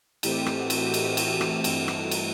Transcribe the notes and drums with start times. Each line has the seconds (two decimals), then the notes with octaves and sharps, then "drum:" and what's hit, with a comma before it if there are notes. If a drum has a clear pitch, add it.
0.23 A2 E3 A3 C4 G4, drum: cymbal
0.46 drum: rim click
0.58 F#4
0.70 drum: cymbal
0.94 G4, drum: cymbal
1.17 drum: cymbal
1.41 drum: rim click
1.64 G2 E3 A3 C4 F#4 A4, drum: cymbal
1.88 drum: rim click
2.11 drum: cymbal